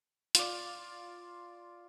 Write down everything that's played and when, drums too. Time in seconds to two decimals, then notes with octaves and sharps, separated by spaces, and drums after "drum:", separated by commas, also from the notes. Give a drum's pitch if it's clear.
0.35 F4 D5, drum: hi-hat